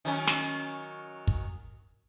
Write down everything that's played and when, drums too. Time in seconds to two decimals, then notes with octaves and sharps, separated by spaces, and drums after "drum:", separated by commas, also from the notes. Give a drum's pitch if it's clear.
0.05 D#3 F#3 C#4
0.27 drum: snare
1.27 drum: kick